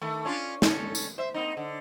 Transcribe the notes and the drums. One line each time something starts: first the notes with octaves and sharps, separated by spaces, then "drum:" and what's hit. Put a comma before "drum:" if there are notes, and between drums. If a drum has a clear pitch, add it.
D#3 A3
C#4 D4 F4
C#4 A4, drum: snare
drum: tambourine
C5 E5
A#3 C4 D#4
D3